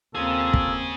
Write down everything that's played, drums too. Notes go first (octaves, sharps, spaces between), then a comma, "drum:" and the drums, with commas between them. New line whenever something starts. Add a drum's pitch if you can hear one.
D#2 A#3 C4 C#4 F4 G#4 A4
drum: kick